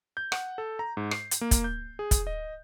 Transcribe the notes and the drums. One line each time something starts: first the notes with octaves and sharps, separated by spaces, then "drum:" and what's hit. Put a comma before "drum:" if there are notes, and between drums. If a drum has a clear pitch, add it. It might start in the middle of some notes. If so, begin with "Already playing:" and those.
G6
F#5, drum: rim click
A4
A#5
G#2
C7, drum: rim click
drum: hi-hat
A#3
drum: kick, hi-hat
G6
G#4
drum: kick, hi-hat
D#5